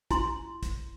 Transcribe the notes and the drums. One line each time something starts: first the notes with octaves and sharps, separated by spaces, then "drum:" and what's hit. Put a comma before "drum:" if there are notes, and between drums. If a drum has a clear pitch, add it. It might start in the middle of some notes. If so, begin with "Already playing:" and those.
E4 C6, drum: kick, hi-hat
drum: kick, hi-hat